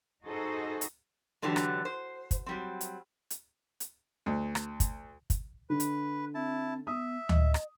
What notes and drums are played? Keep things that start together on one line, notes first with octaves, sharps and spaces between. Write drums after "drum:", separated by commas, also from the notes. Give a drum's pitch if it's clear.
D#4 F#4 G#4 A4 C5 D#5
drum: hi-hat
G#2 D3 E3 F#3 D4 G4
drum: rim click
C5
drum: kick, hi-hat
F#3 G3 C4
drum: hi-hat
drum: hi-hat
drum: hi-hat
D2
drum: rim click
drum: kick, hi-hat
drum: kick, hi-hat
D3 B4
drum: hi-hat
C4 E4 A5
B3 E5 D#6
D#5, drum: tom D2
drum: rim click